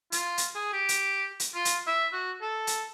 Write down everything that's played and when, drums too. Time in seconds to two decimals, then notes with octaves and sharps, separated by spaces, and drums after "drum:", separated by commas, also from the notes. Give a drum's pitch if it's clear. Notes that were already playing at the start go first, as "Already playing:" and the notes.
0.12 F4, drum: hi-hat
0.38 drum: hi-hat
0.55 G#4
0.73 G4
0.89 drum: hi-hat
1.40 drum: hi-hat
1.54 F4
1.65 drum: hi-hat
1.87 E5
2.13 F#4
2.41 A4
2.67 drum: hi-hat